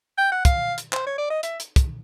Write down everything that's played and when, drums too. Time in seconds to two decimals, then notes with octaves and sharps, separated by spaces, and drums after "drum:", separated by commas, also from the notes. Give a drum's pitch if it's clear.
0.18 G5
0.32 F#5
0.45 F5, drum: kick, hi-hat
0.78 drum: hi-hat
0.93 C5, drum: clap
1.06 C#5
1.18 D5
1.30 D#5
1.43 E5, drum: hi-hat
1.60 drum: hi-hat
1.76 drum: kick, hi-hat